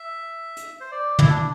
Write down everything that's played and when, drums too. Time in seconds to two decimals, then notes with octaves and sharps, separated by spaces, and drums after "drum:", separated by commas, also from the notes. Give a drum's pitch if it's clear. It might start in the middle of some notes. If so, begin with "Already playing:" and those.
Already playing: E5
0.57 drum: hi-hat
0.80 C5
0.91 D5
1.19 E4, drum: tom
1.30 D4